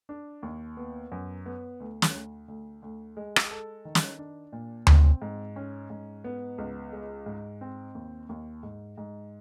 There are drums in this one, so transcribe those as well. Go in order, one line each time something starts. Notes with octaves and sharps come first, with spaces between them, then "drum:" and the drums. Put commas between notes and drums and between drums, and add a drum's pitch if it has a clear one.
D4
D#2
B3
F#2
B3
D2
drum: snare
D2
D2
D2
G#3
drum: rim click
A4
D#3
drum: snare
D4
A#2
C4, drum: tom D2
G#2
C#4
G#2
B3
C#2
G#3
G#2
C4
D#2
D#2
G#2
G#2